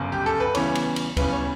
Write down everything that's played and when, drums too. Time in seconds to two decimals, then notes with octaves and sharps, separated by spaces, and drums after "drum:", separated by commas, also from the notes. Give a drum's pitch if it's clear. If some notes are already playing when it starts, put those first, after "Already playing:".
Already playing: G1 F#2 C#3
0.12 G4
0.26 A4
0.40 B4
0.55 E2 C#3 E3 G3 C#4 C#5, drum: cymbal
0.75 drum: cymbal
0.96 drum: cymbal
1.17 E2 C#3 E3 G3 C#4 B4, drum: kick, cymbal
1.33 C#5